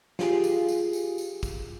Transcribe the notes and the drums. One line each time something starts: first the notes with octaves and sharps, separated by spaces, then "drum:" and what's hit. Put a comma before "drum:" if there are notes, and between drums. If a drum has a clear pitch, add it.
F4 G4 G#4, drum: snare
drum: tambourine
drum: tambourine
drum: tambourine
drum: tambourine
drum: kick, tambourine